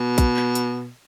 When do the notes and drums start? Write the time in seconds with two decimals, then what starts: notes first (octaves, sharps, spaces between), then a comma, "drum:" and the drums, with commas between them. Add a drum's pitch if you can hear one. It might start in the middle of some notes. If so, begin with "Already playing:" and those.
Already playing: B2
0.18 drum: kick A#1, hi-hat
0.37 drum: clap
0.55 drum: hi-hat